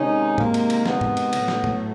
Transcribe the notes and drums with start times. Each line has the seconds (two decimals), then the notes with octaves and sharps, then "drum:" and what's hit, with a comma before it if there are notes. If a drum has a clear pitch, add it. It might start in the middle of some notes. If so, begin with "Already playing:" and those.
Already playing: C3 D#3 G#3 C#4 D#4
0.38 A#3, drum: tom
0.54 drum: cymbal
0.70 drum: cymbal
0.86 B3, drum: snare
1.01 drum: tom
1.17 drum: cymbal
1.33 A2 F#3 A3, drum: cymbal
1.48 drum: snare
1.64 drum: tom